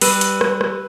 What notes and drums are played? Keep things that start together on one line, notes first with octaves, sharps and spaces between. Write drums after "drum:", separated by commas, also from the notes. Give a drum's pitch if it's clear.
G3 B4 E6 D#7, drum: open hi-hat
drum: hi-hat
drum: rim click
drum: rim click